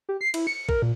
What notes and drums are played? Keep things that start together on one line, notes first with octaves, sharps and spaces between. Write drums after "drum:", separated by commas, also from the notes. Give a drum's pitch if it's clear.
G4
C7
E4, drum: cymbal
C#7
A#4, drum: kick A#1
A#2